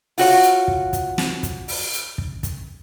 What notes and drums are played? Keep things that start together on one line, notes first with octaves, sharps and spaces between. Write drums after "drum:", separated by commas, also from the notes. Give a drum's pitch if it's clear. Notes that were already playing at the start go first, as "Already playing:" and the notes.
F4 F#4 C#5, drum: open hi-hat
drum: hi-hat
drum: kick
drum: kick, hi-hat
drum: snare
drum: kick, hi-hat
drum: open hi-hat
drum: hi-hat
drum: kick
drum: kick, hi-hat